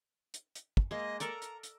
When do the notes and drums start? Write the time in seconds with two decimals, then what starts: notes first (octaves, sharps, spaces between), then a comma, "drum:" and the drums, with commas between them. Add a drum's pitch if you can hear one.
0.34 drum: hi-hat
0.55 drum: hi-hat
0.77 drum: kick
0.91 G#3 A#3 D#5
1.20 A4 A#4 D5 A#5, drum: hi-hat
1.42 drum: hi-hat
1.63 drum: hi-hat